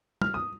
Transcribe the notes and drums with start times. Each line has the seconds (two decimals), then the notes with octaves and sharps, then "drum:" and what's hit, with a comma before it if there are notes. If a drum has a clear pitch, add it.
0.22 F6, drum: tom
0.34 D#6